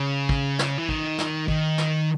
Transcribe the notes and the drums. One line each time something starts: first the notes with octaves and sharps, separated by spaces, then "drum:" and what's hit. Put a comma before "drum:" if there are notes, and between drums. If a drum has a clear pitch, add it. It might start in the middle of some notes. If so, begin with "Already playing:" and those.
Already playing: C#3
drum: kick
drum: snare
E3
D#3, drum: kick
drum: snare
D#3, drum: kick
drum: snare